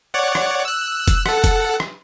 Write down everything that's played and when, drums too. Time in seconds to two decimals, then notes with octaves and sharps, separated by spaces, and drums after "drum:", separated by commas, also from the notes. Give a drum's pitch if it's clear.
0.14 C#5 D5 F#5
0.35 drum: rim click
0.65 E6 F#6
1.08 drum: kick F1, hi-hat
1.26 A4 F#5, drum: rim click
1.44 drum: kick F1, hi-hat
1.80 drum: rim click